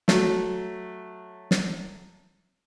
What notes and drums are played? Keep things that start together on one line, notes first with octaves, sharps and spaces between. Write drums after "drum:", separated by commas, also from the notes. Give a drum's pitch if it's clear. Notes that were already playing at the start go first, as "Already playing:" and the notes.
F#3 A3, drum: snare
drum: snare